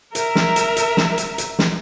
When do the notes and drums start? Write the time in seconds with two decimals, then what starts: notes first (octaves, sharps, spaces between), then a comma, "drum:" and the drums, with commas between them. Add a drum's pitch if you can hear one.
0.15 A#4 E5, drum: hi-hat
0.35 drum: snare
0.56 drum: hi-hat
0.77 drum: hi-hat
0.97 drum: snare
1.18 drum: hi-hat
1.38 drum: hi-hat
1.59 drum: snare